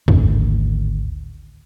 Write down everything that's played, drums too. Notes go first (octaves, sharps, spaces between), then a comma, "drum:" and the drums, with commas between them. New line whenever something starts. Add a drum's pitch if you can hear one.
G#1 D2 A2 D3, drum: tom E2